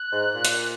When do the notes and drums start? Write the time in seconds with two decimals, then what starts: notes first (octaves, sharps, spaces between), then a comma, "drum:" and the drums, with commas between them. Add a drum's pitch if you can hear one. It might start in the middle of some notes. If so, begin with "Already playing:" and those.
Already playing: F#6
0.12 G#2
0.35 A#2
0.45 drum: hi-hat